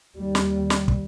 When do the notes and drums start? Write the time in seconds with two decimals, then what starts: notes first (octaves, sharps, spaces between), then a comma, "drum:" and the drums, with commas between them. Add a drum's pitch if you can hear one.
0.17 D#2 G3
0.35 drum: snare
0.70 drum: snare
0.88 drum: kick